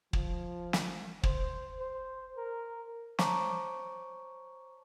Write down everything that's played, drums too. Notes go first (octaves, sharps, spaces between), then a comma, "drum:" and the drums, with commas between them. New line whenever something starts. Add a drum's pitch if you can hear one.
F3, drum: kick
drum: snare
C5, drum: kick
C5
A#4
C5 C#5 A5 A#5 C#6 D6, drum: snare